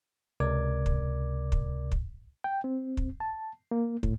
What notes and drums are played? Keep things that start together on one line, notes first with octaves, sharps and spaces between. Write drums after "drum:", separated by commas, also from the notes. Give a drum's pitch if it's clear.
C#2 C3 A#4 D5 D6 G#6
drum: kick
drum: kick
drum: kick
G5
C4
drum: kick
A5
A#3
A2, drum: kick